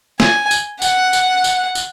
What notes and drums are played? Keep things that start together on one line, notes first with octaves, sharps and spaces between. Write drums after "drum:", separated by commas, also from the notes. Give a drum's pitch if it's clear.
G#5, drum: snare
drum: tambourine
F#5, drum: tambourine
drum: tambourine
drum: tambourine
drum: tambourine